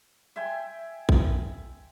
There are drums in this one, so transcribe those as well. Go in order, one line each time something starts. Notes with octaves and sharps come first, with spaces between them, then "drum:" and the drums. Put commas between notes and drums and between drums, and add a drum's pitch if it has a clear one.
E5 G5 G#5 C6
drum: kick A#1